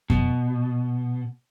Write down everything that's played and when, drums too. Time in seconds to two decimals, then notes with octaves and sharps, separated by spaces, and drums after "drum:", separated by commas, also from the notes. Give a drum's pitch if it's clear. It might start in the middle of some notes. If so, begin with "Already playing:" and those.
0.10 B2, drum: kick F2